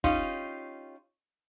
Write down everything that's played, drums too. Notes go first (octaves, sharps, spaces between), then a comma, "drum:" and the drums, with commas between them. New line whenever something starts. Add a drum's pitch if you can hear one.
C#4 D#4 F4 G4, drum: kick